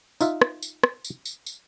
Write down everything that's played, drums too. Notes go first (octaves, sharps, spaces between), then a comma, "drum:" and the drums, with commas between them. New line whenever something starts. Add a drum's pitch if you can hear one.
D#4 F4 E5, drum: tambourine
drum: rim click
drum: tambourine
drum: rim click
drum: tambourine
drum: tambourine
drum: tambourine